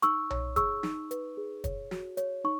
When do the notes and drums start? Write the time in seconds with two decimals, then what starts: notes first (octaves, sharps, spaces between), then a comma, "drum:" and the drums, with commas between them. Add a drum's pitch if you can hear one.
0.02 D#4 C#6 E6, drum: hi-hat
0.30 C#5, drum: tom B1
0.56 G#4 C#6 E6, drum: kick, hi-hat
0.83 D#4, drum: snare
1.11 B4, drum: hi-hat
1.37 G#4
1.64 C#5, drum: kick, hi-hat
1.91 F#4, drum: snare
2.17 C#5, drum: hi-hat
2.44 D#4 C#6